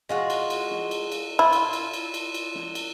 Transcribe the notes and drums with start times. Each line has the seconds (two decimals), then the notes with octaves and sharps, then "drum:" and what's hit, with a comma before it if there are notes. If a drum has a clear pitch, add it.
0.09 G#3 F4 F#4, drum: snare
0.30 drum: cymbal
0.50 drum: cymbal
0.71 drum: snare
0.91 drum: cymbal
1.12 drum: cymbal
1.39 E4 F4
1.53 drum: cymbal
1.73 drum: cymbal
1.93 drum: cymbal
2.14 drum: cymbal
2.34 drum: cymbal
2.55 drum: snare
2.75 drum: cymbal